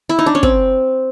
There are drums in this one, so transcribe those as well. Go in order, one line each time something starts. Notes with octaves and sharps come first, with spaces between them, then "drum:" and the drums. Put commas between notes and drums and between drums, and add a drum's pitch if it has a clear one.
E4
D#4
D4
C#4
C4, drum: kick